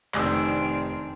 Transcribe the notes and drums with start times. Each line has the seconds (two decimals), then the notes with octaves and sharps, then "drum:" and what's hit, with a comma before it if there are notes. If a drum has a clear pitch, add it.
0.14 F1 D#3 C4 D4 G#5 E6, drum: clap